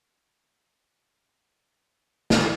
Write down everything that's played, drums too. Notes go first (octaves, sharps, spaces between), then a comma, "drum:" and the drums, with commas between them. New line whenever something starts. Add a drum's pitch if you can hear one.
B1 A2 C3 G#3 F#5
drum: snare